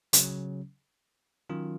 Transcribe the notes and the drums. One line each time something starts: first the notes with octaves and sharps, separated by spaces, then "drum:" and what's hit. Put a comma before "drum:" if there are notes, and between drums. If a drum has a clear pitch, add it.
C#3 F#3 C#4, drum: hi-hat
D#3 F#3 C#4 F4